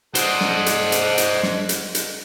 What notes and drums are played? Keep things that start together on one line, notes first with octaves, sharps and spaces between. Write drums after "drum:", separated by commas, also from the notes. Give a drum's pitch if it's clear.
A4 C5 D5 D#5 F#5, drum: hi-hat
drum: snare
drum: hi-hat
drum: hi-hat
drum: hi-hat
drum: snare
drum: hi-hat
drum: hi-hat